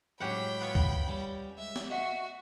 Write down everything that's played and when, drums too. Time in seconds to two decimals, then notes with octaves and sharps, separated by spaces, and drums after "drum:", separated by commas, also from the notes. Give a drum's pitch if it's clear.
0.20 A2 F#3 G#3 C#4 G4 F#5 G5 B5
0.61 B3 F4 C#5
0.75 drum: kick C#2
1.07 G3 C#4
1.58 G#3 E5
1.76 drum: snare
1.91 F#4 D#5 E5 F#5